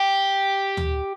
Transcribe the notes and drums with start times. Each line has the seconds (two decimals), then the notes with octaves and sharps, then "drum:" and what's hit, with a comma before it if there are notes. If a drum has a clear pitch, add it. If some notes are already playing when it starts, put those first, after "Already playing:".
Already playing: G4
0.77 drum: tom